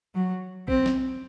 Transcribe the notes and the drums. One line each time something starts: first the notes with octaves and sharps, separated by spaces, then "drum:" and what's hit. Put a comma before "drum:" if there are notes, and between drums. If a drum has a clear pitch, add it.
F#3
C4, drum: kick A#1
drum: snare